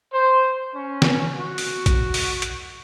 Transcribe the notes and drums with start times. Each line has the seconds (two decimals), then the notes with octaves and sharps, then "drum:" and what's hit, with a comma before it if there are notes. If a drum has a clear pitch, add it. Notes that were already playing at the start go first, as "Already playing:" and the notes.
0.14 C5
0.74 C#4
1.02 drum: snare
1.36 F#4
1.58 drum: open hi-hat
1.86 drum: kick A#1, hi-hat
2.14 drum: open hi-hat
2.42 drum: hi-hat